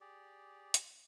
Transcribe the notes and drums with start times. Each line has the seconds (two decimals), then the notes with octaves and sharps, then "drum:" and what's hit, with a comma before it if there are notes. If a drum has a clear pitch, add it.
0.01 G4 G#4 D5
0.74 drum: hi-hat